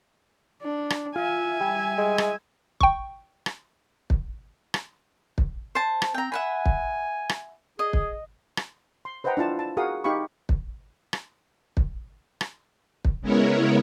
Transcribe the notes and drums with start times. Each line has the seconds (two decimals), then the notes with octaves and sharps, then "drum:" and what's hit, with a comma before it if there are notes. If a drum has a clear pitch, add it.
0.62 D4
0.90 drum: rim click
1.16 F4 E5 G#5
1.61 G3
1.98 G#3
2.18 drum: rim click
2.81 G5 C#6, drum: kick
3.46 drum: rim click
4.10 drum: kick
4.74 drum: rim click
5.38 drum: kick
5.75 C5 A5
6.02 drum: rim click
6.14 C4 G5 A#5
6.32 E5 F#5 G#5 B5
6.66 drum: kick
7.29 drum: rim click
7.79 G#4 D#5
7.93 drum: kick
8.57 drum: rim click
9.05 C6
9.24 B4 C5 D#5 F#5 G5 A#5
9.37 D4 E4 F4 A5
9.59 A5
9.77 F#4 G#4 A#4 F5 F#5 D#6
10.04 D#4 G4 F5 B5 C#6
10.49 drum: kick
11.13 drum: rim click
11.77 drum: kick
12.41 drum: rim click
13.05 drum: kick
13.21 C#3 G#3 B3 E4 A#4 C#5